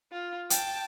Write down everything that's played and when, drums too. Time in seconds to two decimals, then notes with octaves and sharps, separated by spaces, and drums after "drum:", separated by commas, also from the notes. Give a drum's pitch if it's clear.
0.12 F4
0.50 G5 A5, drum: hi-hat